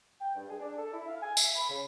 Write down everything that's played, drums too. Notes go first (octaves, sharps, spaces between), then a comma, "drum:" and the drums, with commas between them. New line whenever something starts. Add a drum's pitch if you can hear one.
G5
G2
G#4
D4
A4
E4
F5
G#5
E5, drum: tambourine
B5
C#3